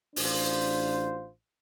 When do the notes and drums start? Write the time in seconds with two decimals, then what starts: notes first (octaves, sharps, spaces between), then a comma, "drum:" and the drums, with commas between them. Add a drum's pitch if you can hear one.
0.16 A1 D4 F4 C5, drum: open hi-hat